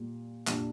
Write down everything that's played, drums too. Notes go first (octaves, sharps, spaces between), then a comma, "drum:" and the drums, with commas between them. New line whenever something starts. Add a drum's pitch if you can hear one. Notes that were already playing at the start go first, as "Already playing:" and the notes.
Already playing: A#2 G3
A#2 G3 D4, drum: clap